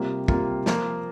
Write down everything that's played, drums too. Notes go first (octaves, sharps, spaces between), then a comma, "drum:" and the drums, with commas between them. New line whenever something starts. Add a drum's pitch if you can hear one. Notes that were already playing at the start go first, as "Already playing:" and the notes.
Already playing: C3 G3 A#3 F4
C3 G3 A#3 F4, drum: kick
F3 A#3 F4, drum: snare